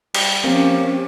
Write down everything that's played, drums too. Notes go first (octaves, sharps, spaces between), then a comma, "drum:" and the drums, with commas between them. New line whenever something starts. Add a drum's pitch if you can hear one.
G3, drum: cymbal
F3 A#3 C4 C#4 G4